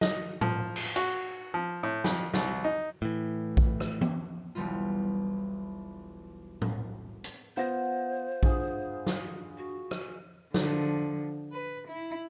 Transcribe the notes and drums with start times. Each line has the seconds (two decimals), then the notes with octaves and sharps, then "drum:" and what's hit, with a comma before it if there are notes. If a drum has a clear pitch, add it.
0.01 D#5, drum: snare
0.41 F3, drum: tom A2
0.76 drum: cymbal
0.96 F#4, drum: hi-hat
1.54 F3
1.83 A2
2.04 F2, drum: snare
2.34 C2, drum: snare
2.64 D#4
3.02 A2 E3
3.57 drum: kick A#1
3.80 drum: rim click
4.01 drum: tom E3
4.55 E1 B1 G3 B3 F4
6.62 drum: tom A2
7.24 drum: hi-hat
7.57 B3 F4 C5 F#5 A#6
8.43 G2 F4 G#4 G#5 D#6, drum: kick A#1
9.06 drum: snare
9.58 F#4
9.91 drum: rim click
10.54 D3 F3, drum: snare
11.52 B4
11.88 E4